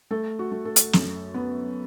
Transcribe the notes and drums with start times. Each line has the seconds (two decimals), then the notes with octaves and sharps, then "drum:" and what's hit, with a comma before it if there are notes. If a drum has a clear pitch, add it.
0.11 A3 A4
0.39 F#4
0.52 A3
0.65 A4
0.76 drum: hi-hat
0.93 F#2, drum: snare
1.34 B3